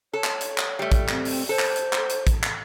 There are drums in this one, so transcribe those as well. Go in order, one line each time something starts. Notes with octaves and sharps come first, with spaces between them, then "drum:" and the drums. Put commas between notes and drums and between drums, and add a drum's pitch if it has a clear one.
A4 C#5
drum: clap
drum: hi-hat
drum: clap
G3 A3
drum: kick, hi-hat
C4, drum: clap
drum: open hi-hat
A4 C5
drum: clap
drum: hi-hat
drum: clap
drum: hi-hat
drum: kick, hi-hat
drum: clap